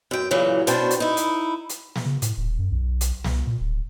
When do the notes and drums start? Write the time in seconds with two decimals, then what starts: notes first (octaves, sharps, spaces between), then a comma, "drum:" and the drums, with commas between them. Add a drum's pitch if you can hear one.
0.11 F#2 G5
0.31 A#2 C#3 E3 F#3
0.67 B2 C#4 D4 F#4 C5 G5, drum: hi-hat
0.91 drum: hi-hat
1.00 D#4 E4
1.17 drum: hi-hat
1.69 drum: hi-hat
1.96 drum: snare
2.05 C#3
2.22 A2, drum: hi-hat
2.37 D#1
2.58 F#2
2.71 B1
3.01 drum: hi-hat
3.24 C2, drum: snare
3.47 A#2
3.60 D1